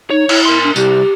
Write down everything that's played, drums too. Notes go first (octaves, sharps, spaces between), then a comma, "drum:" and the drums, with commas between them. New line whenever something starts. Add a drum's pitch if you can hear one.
D#4 C#5
E4, drum: cymbal
A#4 C6
D4
C2 G4, drum: tambourine